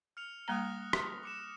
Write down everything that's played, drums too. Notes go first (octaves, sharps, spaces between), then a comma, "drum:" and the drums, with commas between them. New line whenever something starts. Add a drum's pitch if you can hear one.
F6 C#7 F7
G3 A#3 A#5 D#6 F#6 A#6
drum: rim click
D6 C#7 E7